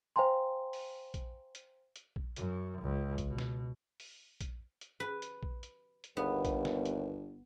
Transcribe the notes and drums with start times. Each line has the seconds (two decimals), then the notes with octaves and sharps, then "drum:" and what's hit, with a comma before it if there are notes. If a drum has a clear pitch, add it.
0.16 C5 F5 G5 G#5 A#5 C6
0.73 drum: open hi-hat
1.14 drum: kick A#1, hi-hat
1.55 drum: hi-hat
1.96 drum: hi-hat
2.16 drum: kick A#1
2.36 F#2, drum: hi-hat
2.82 C#2
3.18 drum: kick A#1, hi-hat
3.29 B2
3.38 drum: snare
4.00 drum: open hi-hat
4.41 drum: kick A#1, hi-hat
4.81 drum: hi-hat
5.00 B4
5.22 drum: hi-hat
5.43 drum: kick A#1
5.63 drum: hi-hat
6.04 drum: hi-hat
6.17 G1 D#2 B3
6.45 drum: kick A#1, hi-hat
6.65 drum: snare
6.85 drum: hi-hat